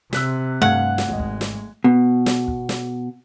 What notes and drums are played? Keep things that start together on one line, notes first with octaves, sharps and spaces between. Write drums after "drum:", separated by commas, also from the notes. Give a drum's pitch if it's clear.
C3 E6 F#6 B6, drum: snare
G2 A3 F5 F#5 G#6
drum: snare
G#1 G#3 D#5
drum: kick
drum: snare
B2
drum: snare
drum: kick
drum: snare